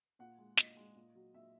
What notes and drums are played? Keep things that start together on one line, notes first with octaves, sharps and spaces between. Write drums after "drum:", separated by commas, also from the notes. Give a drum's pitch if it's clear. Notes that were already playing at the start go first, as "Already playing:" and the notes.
A#2 F#5
G#3
A#2 D#5, drum: snare
G#3
A#2
F#3
A#2 E5